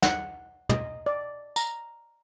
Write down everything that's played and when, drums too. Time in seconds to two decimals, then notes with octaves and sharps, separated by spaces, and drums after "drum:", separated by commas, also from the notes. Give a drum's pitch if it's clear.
0.02 F#5, drum: snare
0.69 D#5, drum: tom
1.06 D5
1.56 A#5, drum: tambourine